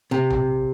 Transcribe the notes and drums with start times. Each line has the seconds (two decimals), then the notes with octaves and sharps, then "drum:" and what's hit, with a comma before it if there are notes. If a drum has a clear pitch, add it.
0.11 C3
0.30 drum: tom B1